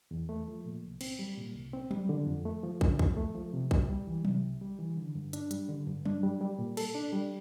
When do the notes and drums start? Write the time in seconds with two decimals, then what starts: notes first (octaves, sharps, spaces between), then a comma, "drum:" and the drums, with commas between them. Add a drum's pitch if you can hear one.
0.11 E2
0.29 A3
0.48 F3
0.65 A#2
0.83 C2
1.01 C4, drum: cymbal
1.19 G3
1.37 A#2
1.55 C2
1.73 C4
1.91 G3, drum: tom F#3
2.09 D3
2.27 F2
2.45 A3
2.63 F3
2.81 D3, drum: kick
2.99 F2, drum: kick
3.17 A3
3.35 F3
3.53 C3
3.71 C2, drum: kick
3.89 G3
4.07 E3
4.25 C3, drum: tom F#3
4.43 C2
4.61 G3
4.79 E3
4.97 D3
5.15 G2
5.33 D4, drum: hi-hat
5.51 G3, drum: hi-hat
5.69 D3
5.87 G2
6.05 D4, drum: tom F#3
6.23 G3
6.41 G3
6.59 A#2
6.77 A4, drum: cymbal
6.95 D4
7.13 G3